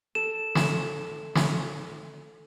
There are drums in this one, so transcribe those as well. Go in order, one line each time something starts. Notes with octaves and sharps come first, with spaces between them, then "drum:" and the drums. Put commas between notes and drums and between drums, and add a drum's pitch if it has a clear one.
A4 E7
drum: snare
drum: snare